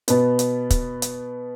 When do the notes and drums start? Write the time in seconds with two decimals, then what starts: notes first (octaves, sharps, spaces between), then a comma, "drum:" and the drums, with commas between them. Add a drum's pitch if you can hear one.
0.08 B2 B3, drum: hi-hat
0.39 drum: hi-hat
0.70 drum: kick, hi-hat
1.02 drum: hi-hat